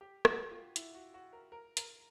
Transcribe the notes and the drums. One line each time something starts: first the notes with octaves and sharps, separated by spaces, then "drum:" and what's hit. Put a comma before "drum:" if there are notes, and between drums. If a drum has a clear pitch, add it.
G4
F#4, drum: rim click
F4
E4, drum: hi-hat
F#4
F#4
A#4
A#4
A#4, drum: hi-hat